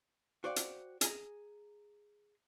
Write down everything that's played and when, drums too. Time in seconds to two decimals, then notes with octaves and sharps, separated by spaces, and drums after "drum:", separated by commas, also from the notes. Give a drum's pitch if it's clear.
0.44 F#4 C5 D5 F5 G5
0.56 drum: hi-hat
1.01 G#4 G#5 A#5, drum: hi-hat